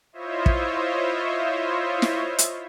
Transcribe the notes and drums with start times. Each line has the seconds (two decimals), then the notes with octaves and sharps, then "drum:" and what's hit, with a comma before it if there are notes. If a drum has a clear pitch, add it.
0.13 E4 F4 C5 C#5 D#5 E5
0.46 drum: kick
2.02 drum: snare
2.39 drum: hi-hat